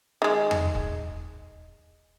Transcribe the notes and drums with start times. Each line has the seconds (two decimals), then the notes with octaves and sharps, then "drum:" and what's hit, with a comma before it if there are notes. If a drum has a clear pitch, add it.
0.22 D#3 G#3
0.51 drum: tom E2
0.75 drum: kick